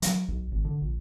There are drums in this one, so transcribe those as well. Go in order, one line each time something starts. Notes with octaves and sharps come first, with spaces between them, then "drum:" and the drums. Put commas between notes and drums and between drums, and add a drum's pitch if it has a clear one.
F#3, drum: hi-hat
B1
G#1
D3
A#1